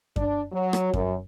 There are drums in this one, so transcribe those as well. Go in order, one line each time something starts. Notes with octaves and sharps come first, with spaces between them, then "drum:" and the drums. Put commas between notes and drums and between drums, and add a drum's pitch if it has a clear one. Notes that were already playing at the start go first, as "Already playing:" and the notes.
D4, drum: kick F#2
F#3
drum: rim click
F#2, drum: kick F#2